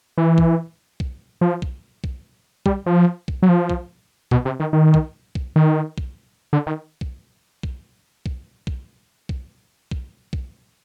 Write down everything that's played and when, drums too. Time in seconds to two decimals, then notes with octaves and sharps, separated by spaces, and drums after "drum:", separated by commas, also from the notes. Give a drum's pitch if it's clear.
0.18 E3
0.38 drum: kick B1
1.00 drum: kick B1
1.41 F3
1.62 drum: kick B1
2.04 drum: kick B1
2.66 G3, drum: kick B1
2.86 F3
3.28 drum: kick B1
3.42 F#3
3.49 F3
3.70 drum: kick B1
4.31 B2, drum: kick B1
4.45 C3
4.60 D#3
4.73 D#3
4.94 drum: kick B1
5.35 drum: kick B1
5.56 D#3
5.98 drum: kick B1
6.53 D3
6.67 D#3
7.01 drum: kick B1
7.63 drum: kick B1
8.26 drum: kick B1
8.67 drum: kick B1
9.29 drum: kick B1
9.91 drum: kick B1
10.33 drum: kick B1